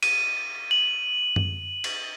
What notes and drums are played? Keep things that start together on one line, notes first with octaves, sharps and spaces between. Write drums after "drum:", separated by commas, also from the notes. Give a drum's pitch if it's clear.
D#7, drum: cymbal
F#7
drum: tom F#2
drum: cymbal